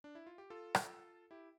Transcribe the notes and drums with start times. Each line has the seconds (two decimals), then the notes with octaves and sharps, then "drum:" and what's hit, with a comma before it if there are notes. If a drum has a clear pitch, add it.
0.04 D4
0.15 E4
0.27 F4
0.38 G4
0.50 F4 A4
0.75 drum: rim click
1.31 E4 G4